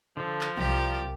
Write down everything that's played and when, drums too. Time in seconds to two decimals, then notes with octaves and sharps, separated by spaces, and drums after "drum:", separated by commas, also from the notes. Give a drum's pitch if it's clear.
0.17 D3 F3 A4
0.41 drum: clap
0.57 C2 F4 G4 A#4 D5, drum: tom